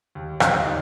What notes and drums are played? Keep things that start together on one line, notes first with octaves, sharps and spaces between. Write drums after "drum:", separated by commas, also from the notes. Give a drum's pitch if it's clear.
D#2
D#2 D#5, drum: rim click
F5
D#5
D#3 D5